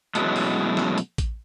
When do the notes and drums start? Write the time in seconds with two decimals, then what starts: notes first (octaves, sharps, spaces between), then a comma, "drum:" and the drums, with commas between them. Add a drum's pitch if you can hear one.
0.15 F#2 B2 E3 F#3 G#3 A3, drum: hi-hat
0.36 drum: open hi-hat
0.77 drum: snare
0.98 drum: hi-hat
1.18 drum: kick A1, hi-hat